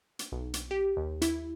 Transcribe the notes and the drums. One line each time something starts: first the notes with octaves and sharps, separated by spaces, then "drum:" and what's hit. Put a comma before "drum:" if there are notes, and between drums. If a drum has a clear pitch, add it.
drum: hi-hat
B1
drum: hi-hat
G4
D#2
E4, drum: hi-hat